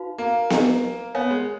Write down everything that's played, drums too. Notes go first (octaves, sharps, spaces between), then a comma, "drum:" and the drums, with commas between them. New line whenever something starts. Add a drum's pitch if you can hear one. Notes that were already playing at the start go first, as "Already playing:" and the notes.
Already playing: D#4 F#4 B4 F5 B5
A#3
A#4 D#5 G#5, drum: snare B3
B3 A#4 C#5 G#5
G#3